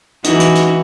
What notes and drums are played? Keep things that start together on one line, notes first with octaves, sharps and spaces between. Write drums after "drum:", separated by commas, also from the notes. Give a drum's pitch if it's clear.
E3 D#4 F#4, drum: hi-hat
drum: hi-hat
drum: hi-hat